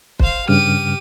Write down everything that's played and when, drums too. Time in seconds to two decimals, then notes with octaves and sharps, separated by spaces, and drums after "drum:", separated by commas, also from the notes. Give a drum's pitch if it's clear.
0.19 C5 F5, drum: kick
0.48 G2 C#3 G4 F6 D#7